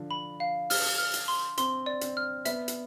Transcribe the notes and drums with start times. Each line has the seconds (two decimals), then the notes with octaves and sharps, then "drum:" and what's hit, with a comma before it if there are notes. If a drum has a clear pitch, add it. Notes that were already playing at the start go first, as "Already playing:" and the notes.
Already playing: D3 F3
0.11 B5
0.40 F5
0.70 F6, drum: open hi-hat
0.98 F6
1.14 drum: hi-hat
1.28 C6
1.57 C4 C6, drum: hi-hat
1.86 D5
2.01 C4, drum: hi-hat
2.17 F6
2.45 B3 E5, drum: hi-hat
2.68 drum: hi-hat